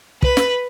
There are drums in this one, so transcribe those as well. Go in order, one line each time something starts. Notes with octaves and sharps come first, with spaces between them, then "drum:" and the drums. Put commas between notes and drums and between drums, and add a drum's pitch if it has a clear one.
B4, drum: kick
drum: snare